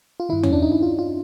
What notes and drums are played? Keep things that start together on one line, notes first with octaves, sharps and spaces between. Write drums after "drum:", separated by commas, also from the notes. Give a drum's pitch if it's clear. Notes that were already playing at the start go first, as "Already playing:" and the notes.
F4
G2 D#3 E4
C#4, drum: tom E2
D4
D#4
E4
F4
F4